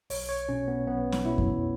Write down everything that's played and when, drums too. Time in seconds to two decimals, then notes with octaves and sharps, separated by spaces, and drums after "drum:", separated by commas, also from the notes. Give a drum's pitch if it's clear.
0.10 B1 C#5, drum: open hi-hat
0.29 C#5
0.49 B2 C#4
0.68 B3
0.87 B1 B3
1.12 drum: snare C#4
1.25 B2 E4
1.38 drum: kick F2